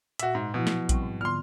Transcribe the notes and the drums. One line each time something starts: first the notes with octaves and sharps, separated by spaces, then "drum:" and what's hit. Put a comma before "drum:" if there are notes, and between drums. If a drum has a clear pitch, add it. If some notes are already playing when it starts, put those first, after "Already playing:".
A#2 F#4 E5, drum: hi-hat
G#2
B2 F3 F#3 E4
drum: snare
G3 C4 C#6, drum: kick A#1, hi-hat
G#2
D3 B3 F4 C6 F6